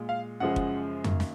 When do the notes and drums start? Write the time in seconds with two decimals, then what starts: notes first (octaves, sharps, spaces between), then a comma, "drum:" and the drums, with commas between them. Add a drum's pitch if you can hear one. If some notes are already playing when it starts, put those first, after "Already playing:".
Already playing: A#2 G#3
0.09 F5
0.40 F#2 C#3 F3 G#3 F#5
0.56 drum: kick
1.04 F#2 D#3 A#3, drum: tom F2
1.20 drum: snare